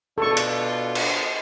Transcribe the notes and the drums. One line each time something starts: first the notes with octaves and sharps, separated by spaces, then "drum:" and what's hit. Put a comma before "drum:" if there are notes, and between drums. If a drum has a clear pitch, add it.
B2 D4 F4 A4 C#6
drum: hi-hat
drum: cymbal